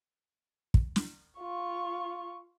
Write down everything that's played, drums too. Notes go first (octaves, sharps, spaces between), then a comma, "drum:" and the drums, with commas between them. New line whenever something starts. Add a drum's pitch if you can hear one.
drum: kick
drum: snare
F4 C#6